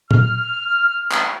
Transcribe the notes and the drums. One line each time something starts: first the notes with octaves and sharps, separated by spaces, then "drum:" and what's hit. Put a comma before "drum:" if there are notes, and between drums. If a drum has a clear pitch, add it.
F6, drum: tom A#2
drum: clap